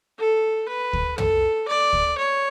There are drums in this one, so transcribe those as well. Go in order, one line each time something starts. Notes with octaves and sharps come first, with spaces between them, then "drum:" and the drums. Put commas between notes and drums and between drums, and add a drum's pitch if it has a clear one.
A4
B4
drum: kick
A4, drum: tom
D5
drum: kick
C#5